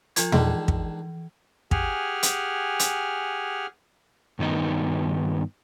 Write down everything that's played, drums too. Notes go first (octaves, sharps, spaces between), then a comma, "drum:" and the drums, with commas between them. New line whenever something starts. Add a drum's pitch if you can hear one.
F3 F4 G#6, drum: hi-hat
D#3 E3 G#3 D4, drum: tom
drum: kick
G4 G#4 F#5 G#5 F6, drum: kick
drum: hi-hat
drum: hi-hat
G2 D#3 B3 D#4